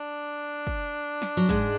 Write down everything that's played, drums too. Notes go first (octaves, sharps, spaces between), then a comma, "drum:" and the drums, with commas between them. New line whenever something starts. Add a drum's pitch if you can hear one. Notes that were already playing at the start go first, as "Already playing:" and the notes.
Already playing: D4
drum: kick
drum: snare
F#3
G#2 G#3, drum: kick